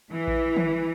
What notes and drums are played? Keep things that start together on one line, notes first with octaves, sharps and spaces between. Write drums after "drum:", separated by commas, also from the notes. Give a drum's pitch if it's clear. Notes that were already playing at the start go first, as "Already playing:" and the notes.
E3
drum: kick A1
drum: tom